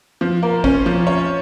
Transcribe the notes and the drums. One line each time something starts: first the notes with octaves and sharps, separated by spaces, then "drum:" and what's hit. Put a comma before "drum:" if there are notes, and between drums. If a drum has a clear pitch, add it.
F3
A#3
C#4, drum: kick A1
F3
C#5